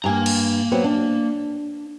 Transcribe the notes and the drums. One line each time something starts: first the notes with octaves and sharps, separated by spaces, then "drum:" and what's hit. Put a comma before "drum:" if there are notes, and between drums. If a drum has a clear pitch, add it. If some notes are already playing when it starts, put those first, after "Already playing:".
G2 A#3 G#5 A#5
drum: cymbal
F#3 B3 C4
D4